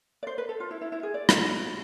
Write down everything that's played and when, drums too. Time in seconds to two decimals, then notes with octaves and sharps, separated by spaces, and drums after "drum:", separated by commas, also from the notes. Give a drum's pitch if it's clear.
0.23 D5
0.27 C5
0.38 B4
0.49 A4
0.60 F4
0.71 E4
0.81 E4
0.92 E4
1.03 G#4
1.14 D5
1.29 drum: rim click